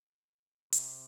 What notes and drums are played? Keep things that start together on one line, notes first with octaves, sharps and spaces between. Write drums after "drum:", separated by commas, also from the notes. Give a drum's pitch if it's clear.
C3, drum: hi-hat